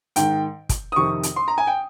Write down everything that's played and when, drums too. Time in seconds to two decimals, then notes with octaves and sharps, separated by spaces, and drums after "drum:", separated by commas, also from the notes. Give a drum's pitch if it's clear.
0.16 G#2 D#3 G5, drum: hi-hat
0.69 drum: kick, hi-hat
0.92 D#6
0.96 F2 C3 D#3 C#6
1.23 drum: hi-hat
1.36 C6
1.48 A#5
1.58 G#5
1.67 G5